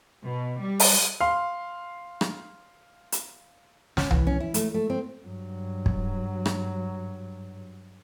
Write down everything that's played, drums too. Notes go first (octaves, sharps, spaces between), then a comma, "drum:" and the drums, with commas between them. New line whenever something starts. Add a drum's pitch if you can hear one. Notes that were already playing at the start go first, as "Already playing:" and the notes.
B2
G3
drum: open hi-hat
F5 C6
drum: rim click
drum: hi-hat
C#4, drum: snare
E3, drum: tom C2
C#4
E4
A3, drum: hi-hat
A3
C4
G2 F#3
drum: kick
drum: rim click